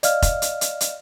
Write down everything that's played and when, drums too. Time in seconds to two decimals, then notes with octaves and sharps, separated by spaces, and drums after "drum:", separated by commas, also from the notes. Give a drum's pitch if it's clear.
0.03 D5 D#5 F5 F6, drum: hi-hat
0.22 drum: kick F1, hi-hat
0.42 drum: hi-hat
0.61 drum: hi-hat
0.81 drum: hi-hat